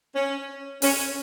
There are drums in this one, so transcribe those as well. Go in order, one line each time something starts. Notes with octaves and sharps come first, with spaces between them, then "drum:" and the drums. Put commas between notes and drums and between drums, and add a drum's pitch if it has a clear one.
C#4
C#4, drum: open hi-hat